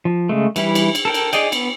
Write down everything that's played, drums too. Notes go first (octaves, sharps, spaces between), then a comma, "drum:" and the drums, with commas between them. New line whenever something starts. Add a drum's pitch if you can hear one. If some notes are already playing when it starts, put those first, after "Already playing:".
F3
C#3 G#3 A3
E3 G3 E4, drum: cymbal
drum: cymbal
drum: cymbal
A4 A#4 G5
drum: cymbal
G#4 D5 D#5 G5, drum: cymbal
B3, drum: cymbal